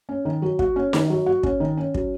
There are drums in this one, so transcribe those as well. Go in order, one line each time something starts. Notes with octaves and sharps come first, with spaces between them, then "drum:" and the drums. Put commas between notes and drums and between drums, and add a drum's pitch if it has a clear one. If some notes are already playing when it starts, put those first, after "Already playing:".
C#4
D#3
F#3
F#4, drum: kick
C#4
D#3, drum: snare D#4
F#3
F#4
C#4, drum: kick
D#3
C#4
F#3, drum: kick